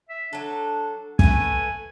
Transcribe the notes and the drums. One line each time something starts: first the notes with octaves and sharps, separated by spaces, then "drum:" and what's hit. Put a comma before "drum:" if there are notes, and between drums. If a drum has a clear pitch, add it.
E5
F#3 D4 A4
E3 A3 B4 G#5, drum: kick